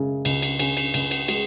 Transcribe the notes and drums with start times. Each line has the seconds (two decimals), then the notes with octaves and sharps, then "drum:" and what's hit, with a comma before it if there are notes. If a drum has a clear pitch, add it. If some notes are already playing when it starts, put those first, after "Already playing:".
Already playing: F#1 C#3 G#3
0.25 C#2, drum: cymbal
0.43 drum: cymbal
0.59 C#3, drum: cymbal
0.77 drum: cymbal
0.94 C#2, drum: cymbal
1.11 drum: cymbal
1.28 G#3, drum: cymbal